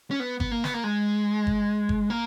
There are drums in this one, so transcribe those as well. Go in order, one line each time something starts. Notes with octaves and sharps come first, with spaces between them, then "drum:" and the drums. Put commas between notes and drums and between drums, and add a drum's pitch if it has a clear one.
C#4
B3
B3, drum: kick G1
A#3
B3, drum: snare
A#3
G#3
drum: kick G1
drum: kick G1
A#3